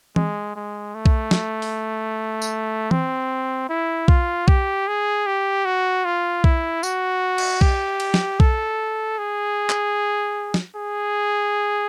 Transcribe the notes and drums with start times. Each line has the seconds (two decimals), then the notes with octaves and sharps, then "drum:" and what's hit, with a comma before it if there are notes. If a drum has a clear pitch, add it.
0.16 G#3, drum: tom E3
0.56 G#3
0.94 A3
1.06 drum: kick B1
1.31 drum: snare
1.62 drum: open hi-hat
2.42 drum: tambourine
2.91 C4, drum: tom E3
3.69 E4
4.08 F4, drum: kick B1
4.48 G4, drum: kick B1
4.88 G#4
5.26 G4
5.65 F#4
6.05 F4
6.44 E4, drum: kick B1
6.83 F#4, drum: tambourine
7.38 drum: cymbal
7.61 G4, drum: kick B1
8.00 drum: cymbal
8.14 drum: snare
8.40 A4, drum: kick B1
9.18 G#4
9.70 drum: clap
10.54 drum: snare
10.76 G#4